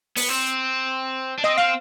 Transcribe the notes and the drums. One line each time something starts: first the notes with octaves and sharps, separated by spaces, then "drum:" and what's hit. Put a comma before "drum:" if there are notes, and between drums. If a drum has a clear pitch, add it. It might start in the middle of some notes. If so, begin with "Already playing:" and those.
B3, drum: open hi-hat
C4
D4
C4 D#5
C4 F5